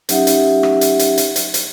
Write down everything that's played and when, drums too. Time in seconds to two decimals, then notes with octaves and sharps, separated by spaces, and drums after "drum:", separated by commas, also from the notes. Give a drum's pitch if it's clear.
0.09 F#3 C#4 D#4 G4 E5 F#5, drum: hi-hat
0.27 drum: hi-hat
0.63 drum: rim click
0.81 drum: hi-hat
0.99 drum: hi-hat
1.18 drum: hi-hat
1.36 drum: hi-hat
1.54 drum: hi-hat